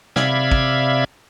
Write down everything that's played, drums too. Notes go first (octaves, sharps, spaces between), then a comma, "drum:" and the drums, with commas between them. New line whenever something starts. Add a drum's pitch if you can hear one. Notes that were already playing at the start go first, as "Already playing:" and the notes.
C3 D5 E5 F5 B5 G#6, drum: snare
drum: kick